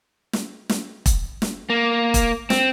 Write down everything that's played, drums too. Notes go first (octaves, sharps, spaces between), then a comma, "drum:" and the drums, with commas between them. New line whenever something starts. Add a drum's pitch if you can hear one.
drum: snare
drum: snare
drum: kick E1, hi-hat
drum: snare
A#3
drum: kick E1, hi-hat
C4, drum: snare